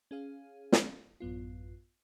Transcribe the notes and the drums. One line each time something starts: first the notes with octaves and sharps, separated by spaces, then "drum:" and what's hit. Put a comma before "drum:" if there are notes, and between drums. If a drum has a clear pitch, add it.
C#4 G#4 F5
drum: snare
A1 F#2 B3 F4